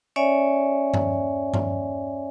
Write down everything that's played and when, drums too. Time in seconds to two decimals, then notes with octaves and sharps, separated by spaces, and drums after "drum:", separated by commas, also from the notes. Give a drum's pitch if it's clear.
0.16 C#4 C#5 D5 E5 G#5
0.94 drum: tom G2
1.54 drum: tom G2